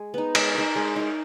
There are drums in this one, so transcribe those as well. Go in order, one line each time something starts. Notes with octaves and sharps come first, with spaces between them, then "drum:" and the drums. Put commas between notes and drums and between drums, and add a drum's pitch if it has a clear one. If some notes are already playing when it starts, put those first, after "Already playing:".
Already playing: G#3 G#4
B3 D#4
G#3, drum: cymbal
D#4 A#4
G#3
D#4 A#4